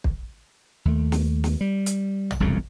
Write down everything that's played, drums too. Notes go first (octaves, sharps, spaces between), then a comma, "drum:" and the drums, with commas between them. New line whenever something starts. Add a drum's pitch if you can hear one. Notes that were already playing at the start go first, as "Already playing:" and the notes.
drum: kick
D#2 A3
drum: snare
drum: snare
G3
drum: hi-hat
drum: tom A#1
E1 C2 F2 C#3